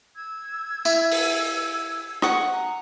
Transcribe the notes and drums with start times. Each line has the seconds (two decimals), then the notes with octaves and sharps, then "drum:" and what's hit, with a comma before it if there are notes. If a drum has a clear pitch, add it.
0.16 E6 G#6
0.85 E4, drum: tambourine
1.11 drum: open hi-hat
2.22 F#5 C#6 D#6, drum: rim click
2.52 A#5